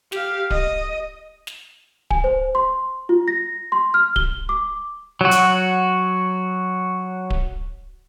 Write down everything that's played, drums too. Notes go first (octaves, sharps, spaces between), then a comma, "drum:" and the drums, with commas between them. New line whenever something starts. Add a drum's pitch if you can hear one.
G4 F5, drum: snare
D#5, drum: kick D1
drum: snare
G#5, drum: kick D1
C5
C6
F4
A#6
C6
F6
G7, drum: kick D1
D6
F#3 F#4
drum: hi-hat
drum: kick D1